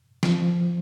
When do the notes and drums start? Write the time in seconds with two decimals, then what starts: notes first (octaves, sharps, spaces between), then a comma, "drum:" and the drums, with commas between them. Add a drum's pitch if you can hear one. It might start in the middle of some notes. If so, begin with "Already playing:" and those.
0.23 F3, drum: snare